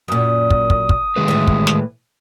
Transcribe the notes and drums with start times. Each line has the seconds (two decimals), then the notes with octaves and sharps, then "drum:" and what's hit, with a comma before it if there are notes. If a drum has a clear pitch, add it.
0.08 F#2 A#2 D#6
0.50 drum: kick
0.70 drum: kick
0.89 drum: kick
1.16 D#3 G#3 B4
1.28 A2 E3
1.47 drum: kick
1.67 drum: snare